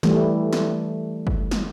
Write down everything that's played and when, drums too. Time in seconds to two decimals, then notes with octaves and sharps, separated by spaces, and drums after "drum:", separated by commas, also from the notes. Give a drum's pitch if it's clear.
0.03 E3 G3 A3, drum: snare
0.53 drum: snare
1.27 drum: kick G1
1.51 drum: snare